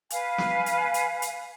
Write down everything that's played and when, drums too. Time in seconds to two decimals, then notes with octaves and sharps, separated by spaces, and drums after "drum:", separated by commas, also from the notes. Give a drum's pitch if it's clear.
0.10 B4 F5 G#5, drum: hi-hat
0.38 drum: snare
0.66 drum: hi-hat
0.94 drum: hi-hat
1.22 drum: hi-hat